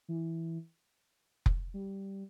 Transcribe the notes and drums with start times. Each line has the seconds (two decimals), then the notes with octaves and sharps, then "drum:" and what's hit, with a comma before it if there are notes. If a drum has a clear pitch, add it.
0.08 E3
1.46 drum: kick F1
1.74 G3